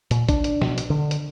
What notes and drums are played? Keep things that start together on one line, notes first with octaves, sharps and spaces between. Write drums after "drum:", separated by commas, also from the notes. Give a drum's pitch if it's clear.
A#2, drum: hi-hat
D4, drum: kick, hi-hat
drum: hi-hat
B2, drum: snare
drum: hi-hat
D3
drum: hi-hat